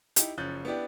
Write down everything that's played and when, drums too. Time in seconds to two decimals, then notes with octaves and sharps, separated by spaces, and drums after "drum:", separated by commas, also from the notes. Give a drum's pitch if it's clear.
0.16 D#4 E4 G4, drum: hi-hat
0.38 F#1 F3 C#4 F#6 G6 A6
0.65 B3 D4 E4 G4 D5